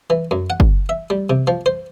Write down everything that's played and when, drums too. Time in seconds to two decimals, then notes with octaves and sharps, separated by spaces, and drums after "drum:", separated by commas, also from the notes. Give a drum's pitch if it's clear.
0.10 E3
0.31 F#2
0.50 F#5
0.60 drum: kick
0.89 E5
1.10 G3
1.30 C3
1.47 F3
1.66 C5